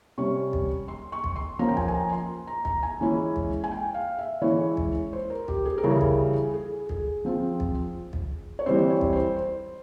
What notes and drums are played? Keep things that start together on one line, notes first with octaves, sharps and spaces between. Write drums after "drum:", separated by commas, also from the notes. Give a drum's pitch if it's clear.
C3 G3 C#4 C#6
drum: kick
C6
C#6
drum: kick
C6
F3 A#3 C#4 A#5
G5
G#5, drum: kick
G#5
A#5
C6
A#5
A#5, drum: kick
G#5
E3 G#3 C#4 E4
drum: kick
G#5
G5
F5
E5
E3 G#3 C#4 E4 C#5
drum: kick
C5
A#4
G4, drum: kick
G#4
A#4
C#3 E3 G3 C#4 E4
G#4
drum: kick
G#4
G#4, drum: kick
F3 C4 F4
drum: kick
drum: kick
C#5
E3 G3 C4 C5
C#5
drum: kick
C5
C5